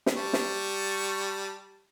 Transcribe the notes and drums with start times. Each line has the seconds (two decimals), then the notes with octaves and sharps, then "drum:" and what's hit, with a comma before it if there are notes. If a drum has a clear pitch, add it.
0.06 drum: snare
0.16 G3 A5 C#6
0.33 drum: snare